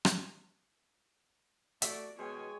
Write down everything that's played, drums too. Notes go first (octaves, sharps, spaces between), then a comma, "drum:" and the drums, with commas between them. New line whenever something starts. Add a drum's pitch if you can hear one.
drum: rim click
A3 F#4 D5 E5, drum: hi-hat
B2 G#3 C#5 G5 G#5